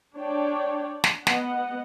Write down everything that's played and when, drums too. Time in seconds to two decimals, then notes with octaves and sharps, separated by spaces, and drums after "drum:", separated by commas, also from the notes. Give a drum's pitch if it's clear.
0.16 D4 C#5 D5 G5
1.04 drum: snare
1.27 B3 D#5 F#5, drum: snare